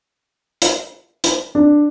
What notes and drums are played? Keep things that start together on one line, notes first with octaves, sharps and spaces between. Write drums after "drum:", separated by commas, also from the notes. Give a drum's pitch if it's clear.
drum: hi-hat
drum: hi-hat
D4